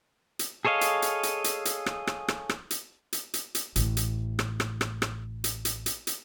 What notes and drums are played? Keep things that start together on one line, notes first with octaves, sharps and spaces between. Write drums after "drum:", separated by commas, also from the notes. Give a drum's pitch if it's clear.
drum: hi-hat
G#4 A4 C#5 D#5 F5
drum: hi-hat
drum: hi-hat
drum: hi-hat
drum: hi-hat
drum: hi-hat
drum: rim click
drum: rim click
drum: rim click
drum: rim click
drum: hi-hat
drum: hi-hat
drum: hi-hat
drum: hi-hat
A1 A3, drum: hi-hat
drum: hi-hat
drum: rim click
drum: rim click
drum: rim click
drum: rim click
drum: hi-hat
drum: hi-hat
drum: hi-hat
drum: hi-hat